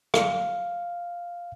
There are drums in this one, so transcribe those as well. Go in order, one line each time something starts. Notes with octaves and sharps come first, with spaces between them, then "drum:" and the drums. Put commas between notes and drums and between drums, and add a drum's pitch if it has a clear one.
F5, drum: rim click